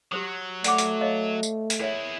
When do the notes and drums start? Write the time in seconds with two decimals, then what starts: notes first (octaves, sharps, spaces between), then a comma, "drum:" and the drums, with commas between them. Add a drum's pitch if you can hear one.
0.12 F#3 G4 C5 D#6
0.64 A3 D5 F#5 D6, drum: hi-hat
0.78 drum: hi-hat
1.01 C#5 D#5 F5
1.43 drum: tambourine
1.70 drum: hi-hat
1.80 E4 G#4 A#4 C#5 E5